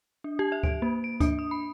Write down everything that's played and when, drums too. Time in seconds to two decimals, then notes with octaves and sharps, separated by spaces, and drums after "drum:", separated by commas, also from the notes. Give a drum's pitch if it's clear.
0.24 D4
0.39 G4
0.52 E5
0.63 D7, drum: kick D2
0.82 A#3
1.04 D7
1.20 D4, drum: kick D2, hi-hat
1.39 D#6
1.51 B5